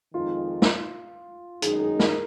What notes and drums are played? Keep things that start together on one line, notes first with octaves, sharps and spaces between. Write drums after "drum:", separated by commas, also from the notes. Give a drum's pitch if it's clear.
F2 D#3 G#3 D#4 F4
drum: snare
F#2 D#3 G#3 D#4 G#4, drum: hi-hat
G#4
A#4, drum: snare